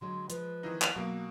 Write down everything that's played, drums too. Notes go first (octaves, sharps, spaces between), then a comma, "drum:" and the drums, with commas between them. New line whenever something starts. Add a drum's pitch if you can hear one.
D3 F#3 G#3 C6
F3 G#3 B4, drum: hi-hat
D#3 E3 D#4
drum: clap
B2 F#3 A#3